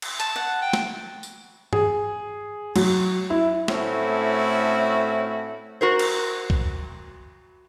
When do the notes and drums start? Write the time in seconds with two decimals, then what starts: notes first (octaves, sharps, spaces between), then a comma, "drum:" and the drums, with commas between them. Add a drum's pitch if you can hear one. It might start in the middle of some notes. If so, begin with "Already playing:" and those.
0.02 drum: cymbal
0.20 A5, drum: hi-hat
0.36 F#5
0.62 G5
0.73 drum: snare
1.23 drum: tambourine
1.73 G#4, drum: tom G2
2.76 F#3, drum: cymbal
3.30 E4
3.68 A2 A3 C4 C#4 E4 F#4, drum: snare
5.81 F#4 A#4 C5
5.99 drum: cymbal
6.50 drum: kick